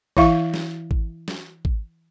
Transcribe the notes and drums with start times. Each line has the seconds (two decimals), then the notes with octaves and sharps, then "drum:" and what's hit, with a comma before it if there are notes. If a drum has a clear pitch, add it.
0.17 E3 E4 E5 F5 C#6, drum: kick G#1
0.54 drum: snare
0.91 drum: kick G#1
1.28 drum: snare
1.65 drum: kick G#1